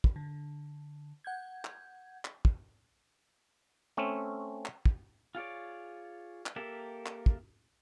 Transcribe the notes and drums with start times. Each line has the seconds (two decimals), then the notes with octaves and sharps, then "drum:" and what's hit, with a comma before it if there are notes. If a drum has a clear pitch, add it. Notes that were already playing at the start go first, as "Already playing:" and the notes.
0.04 drum: kick
0.16 D3
1.24 F#5 G6 G#6
1.65 drum: clap
2.25 drum: clap
2.45 drum: kick
3.97 A3 C4 C#4
4.65 drum: clap
4.86 drum: kick
5.35 F4 G#4 C#5 D5
6.46 drum: clap
6.56 A#3 G4 A4 A#4 E5
7.06 drum: clap
7.26 drum: kick